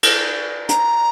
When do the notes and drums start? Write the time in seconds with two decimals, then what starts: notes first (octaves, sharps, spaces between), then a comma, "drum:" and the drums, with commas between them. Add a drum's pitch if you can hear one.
0.03 drum: cymbal
0.69 A#5, drum: hi-hat